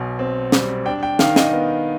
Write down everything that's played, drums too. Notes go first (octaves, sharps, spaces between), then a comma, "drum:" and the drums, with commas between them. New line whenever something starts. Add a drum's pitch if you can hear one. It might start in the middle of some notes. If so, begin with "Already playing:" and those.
Already playing: B1 B2 G#5
C4
G3, drum: snare
D4 G5
G5
D#3 F5, drum: snare
D#5, drum: snare
B3